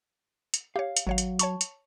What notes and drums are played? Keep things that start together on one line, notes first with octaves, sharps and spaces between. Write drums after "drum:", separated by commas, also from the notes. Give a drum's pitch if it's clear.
drum: hi-hat
G4 C#5 F5
drum: hi-hat
G#1 F#3 C#5 F5
drum: hi-hat
C#5 A5 C#6, drum: hi-hat
drum: hi-hat